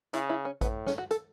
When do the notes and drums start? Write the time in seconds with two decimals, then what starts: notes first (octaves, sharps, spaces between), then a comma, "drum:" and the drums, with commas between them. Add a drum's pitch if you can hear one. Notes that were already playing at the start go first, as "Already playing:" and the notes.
0.13 C#3 E4, drum: hi-hat
0.30 E4
0.45 C#4
0.61 A2 B3, drum: kick A1, hi-hat
0.86 C#4, drum: snare
0.98 F#4
1.11 A4, drum: hi-hat